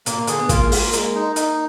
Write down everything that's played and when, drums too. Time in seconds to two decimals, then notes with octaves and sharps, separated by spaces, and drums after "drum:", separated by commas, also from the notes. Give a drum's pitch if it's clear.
0.06 A#2 A#3, drum: hi-hat
0.18 A#2
0.27 D3 G#4, drum: hi-hat
0.39 B3
0.49 A#3 F4, drum: kick, hi-hat
0.64 G#3
0.72 F4, drum: open hi-hat
0.78 A#3
0.93 G#3 A#3, drum: hi-hat
1.15 D#4
1.36 D#4, drum: hi-hat